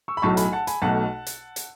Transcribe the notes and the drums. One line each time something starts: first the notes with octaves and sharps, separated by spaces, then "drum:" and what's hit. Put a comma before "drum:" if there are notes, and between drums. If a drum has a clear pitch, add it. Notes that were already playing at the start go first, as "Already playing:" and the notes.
C#6 E6
B5
B1 A2 F#3 A3 A5 C#6
G#5 B5, drum: hi-hat
F#5 A5
G#5 B5, drum: hi-hat
B1 B2 A3 F#5 A5
drum: hi-hat
drum: hi-hat